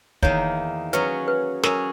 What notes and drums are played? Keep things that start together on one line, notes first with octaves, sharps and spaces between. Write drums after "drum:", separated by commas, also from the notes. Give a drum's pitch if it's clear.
E2 D#3 A#3 C#5, drum: kick
F#3 C#4 G#4 B4, drum: hi-hat
B4
F#3 C#4 G#4 A#4, drum: snare